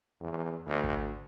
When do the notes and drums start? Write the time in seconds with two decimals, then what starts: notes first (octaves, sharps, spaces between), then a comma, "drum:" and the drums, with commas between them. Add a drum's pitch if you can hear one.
0.21 E2
0.66 D2
0.84 drum: kick G#1